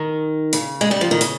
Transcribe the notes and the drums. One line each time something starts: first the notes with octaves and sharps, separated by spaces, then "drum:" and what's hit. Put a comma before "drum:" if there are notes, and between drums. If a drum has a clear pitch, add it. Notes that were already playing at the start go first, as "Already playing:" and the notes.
Already playing: D#3
C#3, drum: hi-hat
G#3
G3
F3
D#3
C#3, drum: hi-hat